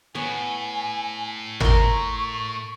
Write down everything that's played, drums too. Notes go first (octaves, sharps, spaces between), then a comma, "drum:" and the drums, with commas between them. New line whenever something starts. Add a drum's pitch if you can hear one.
A2 B3 C#5 G#5
A#4 C6 C#6, drum: tom G#1